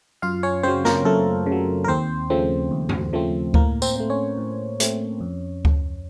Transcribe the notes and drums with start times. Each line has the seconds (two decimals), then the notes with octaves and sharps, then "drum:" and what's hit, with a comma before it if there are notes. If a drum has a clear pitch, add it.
0.22 F#2 F4 F5
0.43 C#4 C#5
0.63 C#3 F#3 C4 C5
0.85 A#3 A#4, drum: snare
1.05 F#2 A3 A4
1.46 C#3
1.52 F#3
1.84 A#4
1.88 D#2 C4 C5
2.30 C#3 F3 A3 C4
2.71 D#2
2.89 drum: tom
3.13 C#3 F3 A3 C4
3.54 A2 A#3 A#4, drum: kick D2
3.82 C4 C5, drum: tambourine
3.96 A3 C4
4.10 C#4 C#5
4.38 A2
4.80 A3 C4, drum: hi-hat
5.20 F2
5.65 drum: kick D2